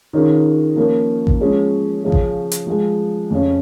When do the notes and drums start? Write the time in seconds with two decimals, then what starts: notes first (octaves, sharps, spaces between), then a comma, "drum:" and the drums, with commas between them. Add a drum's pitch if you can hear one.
0.13 D#3 C#4 F4 G#4
0.76 F3 A#3 C#4 A#4
1.27 drum: kick A1
1.40 F3 G#3 C#4 F4 G#4
2.03 C#3 F3 C#4 G#4
2.12 drum: kick A1
2.52 drum: hi-hat
2.67 F3 G#3 F4 G#4
3.31 F2 C#3 F3 C#4